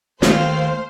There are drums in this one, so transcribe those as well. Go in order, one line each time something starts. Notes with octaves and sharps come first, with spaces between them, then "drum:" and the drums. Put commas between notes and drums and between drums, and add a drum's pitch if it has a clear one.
D#2 A3 C5 F5, drum: snare